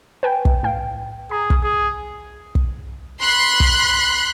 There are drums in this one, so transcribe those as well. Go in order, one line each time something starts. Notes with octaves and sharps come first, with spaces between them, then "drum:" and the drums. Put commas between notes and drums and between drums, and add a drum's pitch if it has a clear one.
B4 G5 G#5
drum: kick
A2 F5 G5
G#4 A#5
drum: kick
G#4
drum: kick
B5 C6 F#6
drum: kick